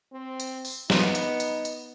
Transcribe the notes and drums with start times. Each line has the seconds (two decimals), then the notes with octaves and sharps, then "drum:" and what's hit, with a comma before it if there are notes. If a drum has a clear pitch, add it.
0.13 C4
0.40 drum: hi-hat
0.65 drum: open hi-hat
0.90 B3 D#4, drum: snare
1.15 drum: hi-hat
1.40 drum: hi-hat
1.65 drum: hi-hat